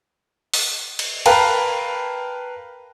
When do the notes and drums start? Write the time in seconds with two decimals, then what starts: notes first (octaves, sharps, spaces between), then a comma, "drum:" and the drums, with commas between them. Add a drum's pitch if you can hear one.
0.54 drum: open hi-hat
0.99 drum: cymbal
1.26 A#4 B4 F5 G5 A5, drum: cymbal